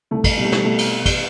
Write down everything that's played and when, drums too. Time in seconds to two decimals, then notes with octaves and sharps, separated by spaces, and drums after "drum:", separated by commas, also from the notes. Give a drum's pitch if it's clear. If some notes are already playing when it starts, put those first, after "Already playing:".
0.11 C2 A3
0.24 drum: kick, cymbal
0.38 B2 G3
0.44 A3
0.52 G3, drum: snare
0.64 B2 A3
0.78 drum: cymbal
1.06 drum: kick, cymbal